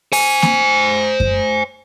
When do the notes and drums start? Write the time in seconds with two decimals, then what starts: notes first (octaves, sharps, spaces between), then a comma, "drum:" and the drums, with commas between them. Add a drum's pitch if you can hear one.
0.13 C5 G#5, drum: open hi-hat
0.42 drum: snare A#3
1.20 drum: kick F#2